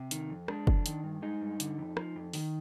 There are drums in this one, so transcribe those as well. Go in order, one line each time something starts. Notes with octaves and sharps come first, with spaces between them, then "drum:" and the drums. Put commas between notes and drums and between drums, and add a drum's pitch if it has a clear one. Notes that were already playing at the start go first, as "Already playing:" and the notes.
Already playing: C3
D#3, drum: hi-hat
F2
G#3 D4, drum: rim click
F2, drum: kick F#1
D#3, drum: hi-hat
G2
G#3 D#4
G2
D3, drum: hi-hat
F2
F3, drum: rim click
F2
D#3, drum: open hi-hat